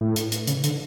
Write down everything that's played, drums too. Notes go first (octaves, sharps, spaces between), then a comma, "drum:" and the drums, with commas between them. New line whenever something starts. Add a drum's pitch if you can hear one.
A2
drum: hi-hat
drum: hi-hat
C#3, drum: hi-hat
D3, drum: hi-hat